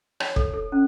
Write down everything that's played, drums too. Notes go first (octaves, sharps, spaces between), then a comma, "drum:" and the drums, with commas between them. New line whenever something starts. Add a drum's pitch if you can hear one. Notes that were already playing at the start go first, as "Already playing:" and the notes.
C#5, drum: rim click
A4, drum: kick
A4
C#4